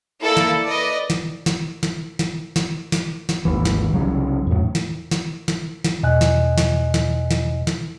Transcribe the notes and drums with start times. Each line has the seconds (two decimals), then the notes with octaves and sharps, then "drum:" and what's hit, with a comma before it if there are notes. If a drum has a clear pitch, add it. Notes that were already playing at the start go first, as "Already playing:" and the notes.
0.21 A#3 E4 A4 D5
0.37 drum: snare
0.67 B4 D5 D#5
1.10 drum: snare
1.46 drum: snare
1.83 drum: snare
2.19 drum: snare
2.56 drum: snare
2.92 drum: snare
3.29 drum: snare
3.45 G#1 D#2 E3
3.65 drum: snare
3.93 C2 C#3 F#3 C#4
4.47 E2 A2
4.75 drum: snare
5.11 drum: snare
5.48 drum: snare
5.84 drum: snare
6.03 E2 B2 D#5 G#5 F#6
6.21 drum: snare
6.58 drum: snare
6.94 drum: snare
7.31 drum: snare
7.67 drum: snare